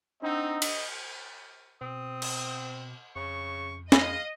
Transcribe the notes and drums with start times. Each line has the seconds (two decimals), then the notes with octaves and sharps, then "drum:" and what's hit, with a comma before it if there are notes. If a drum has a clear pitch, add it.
0.22 C4 D4 D#4 D#5 F#5 E6
0.62 drum: cymbal
1.81 B2 C4 D#6
2.22 drum: cymbal
3.16 F2 C#3 C#6
3.92 G#3 D#5 F5, drum: snare